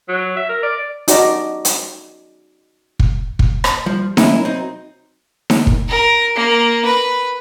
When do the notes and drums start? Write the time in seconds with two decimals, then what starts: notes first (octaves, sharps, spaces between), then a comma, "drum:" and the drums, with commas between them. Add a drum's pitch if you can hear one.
0.09 F#3
0.37 E5
0.49 A#4
0.63 D5
1.08 D#4 F#4 G#4 D5 A#5, drum: hi-hat
1.65 drum: hi-hat
2.99 drum: kick
3.39 drum: kick
3.64 drum: rim click
3.86 F3 G3
4.17 F#3 C#4 D#4 E4, drum: snare D#4
4.45 C4 D#4
5.50 drum: snare D#4
5.67 drum: kick
5.89 A#4
6.36 A#3
6.85 B4